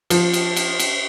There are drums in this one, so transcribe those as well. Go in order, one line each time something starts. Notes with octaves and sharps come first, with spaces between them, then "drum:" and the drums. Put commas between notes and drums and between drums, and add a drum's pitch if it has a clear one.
F3, drum: cymbal
drum: cymbal
drum: cymbal
drum: cymbal